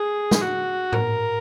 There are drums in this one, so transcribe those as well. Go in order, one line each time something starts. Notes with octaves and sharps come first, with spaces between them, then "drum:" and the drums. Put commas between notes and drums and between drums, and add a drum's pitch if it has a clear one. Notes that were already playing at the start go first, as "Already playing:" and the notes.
Already playing: G#4
drum: snare
F#4
A#4, drum: tom G#2